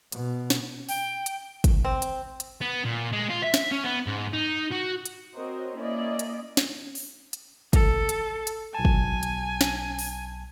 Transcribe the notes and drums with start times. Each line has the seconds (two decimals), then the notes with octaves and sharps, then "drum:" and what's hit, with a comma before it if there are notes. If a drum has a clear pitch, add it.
0.12 B2, drum: hi-hat
0.50 drum: snare
0.89 G5, drum: open hi-hat
1.26 drum: hi-hat
1.64 drum: kick, hi-hat
1.85 C4
2.02 drum: hi-hat
2.40 drum: hi-hat
2.61 B3
2.85 A#2
3.12 G#3
3.29 F4
3.43 E5
3.54 drum: snare
3.71 C#4
3.84 B3
4.07 G#2
4.33 D#4
4.72 F#4
5.05 drum: hi-hat
5.35 C4 F#4 A#4 C5 C#5 D#5
5.76 A#3 C#4 E4 D5 D#5
6.19 drum: hi-hat
6.57 drum: snare
6.95 drum: open hi-hat
7.33 drum: hi-hat
7.73 A4, drum: kick, hi-hat
8.09 drum: hi-hat
8.47 drum: hi-hat
8.75 B1 G#5 A5
8.85 drum: kick
9.23 drum: hi-hat
9.61 drum: snare
9.99 drum: open hi-hat